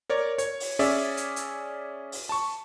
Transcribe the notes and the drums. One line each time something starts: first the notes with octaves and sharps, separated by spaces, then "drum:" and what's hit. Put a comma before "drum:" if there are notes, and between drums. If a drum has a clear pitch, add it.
A#4 C#5 D5
C#5, drum: hi-hat
drum: open hi-hat
C#4 G#4 D5 E5, drum: open hi-hat
drum: hi-hat
drum: hi-hat
drum: open hi-hat
A5 C#6